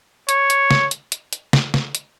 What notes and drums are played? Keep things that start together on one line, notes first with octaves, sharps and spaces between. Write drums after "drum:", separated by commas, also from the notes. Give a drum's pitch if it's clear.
C#5, drum: hi-hat
drum: hi-hat
drum: snare
drum: hi-hat
drum: hi-hat
drum: hi-hat
drum: snare
drum: snare
drum: hi-hat